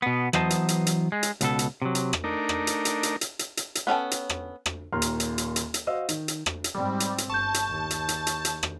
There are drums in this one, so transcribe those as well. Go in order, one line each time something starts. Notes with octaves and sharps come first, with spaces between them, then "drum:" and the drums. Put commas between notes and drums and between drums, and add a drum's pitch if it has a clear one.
B2 B3
E3 F#3 B3 C5 D#5 A5, drum: rim click
drum: hi-hat
drum: hi-hat
drum: hi-hat
G#3
drum: hi-hat
C#2 B2 A4, drum: hi-hat
drum: hi-hat
C3 F#3
drum: hi-hat
drum: rim click
A3 D4 D#4 A#4
drum: rim click
drum: hi-hat
drum: hi-hat
drum: hi-hat
drum: hi-hat
drum: hi-hat
drum: hi-hat
drum: hi-hat
B3 C#4 A4 G5
drum: hi-hat
drum: rim click
drum: rim click
D#1 D#2 A#5 C6 F6
drum: hi-hat
drum: hi-hat
drum: hi-hat
drum: hi-hat
drum: hi-hat
F#4 C5 D#5 F5 E6
D#3, drum: hi-hat
drum: hi-hat
drum: rim click
drum: hi-hat
G#2 G3 C4
drum: hi-hat
drum: hi-hat
G1 A5 C#6 G6
drum: hi-hat
D#2
drum: hi-hat
drum: hi-hat
drum: hi-hat
drum: hi-hat
drum: rim click